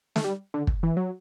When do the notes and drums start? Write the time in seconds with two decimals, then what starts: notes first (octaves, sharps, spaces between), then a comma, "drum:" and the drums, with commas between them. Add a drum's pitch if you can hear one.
0.16 A3, drum: snare
0.24 G3
0.54 D3
0.67 drum: kick
0.83 E3
0.97 F#3